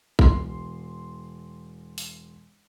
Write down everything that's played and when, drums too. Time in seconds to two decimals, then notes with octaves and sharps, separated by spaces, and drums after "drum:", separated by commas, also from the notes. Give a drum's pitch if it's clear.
0.19 E1 C6, drum: kick A#1
1.98 drum: open hi-hat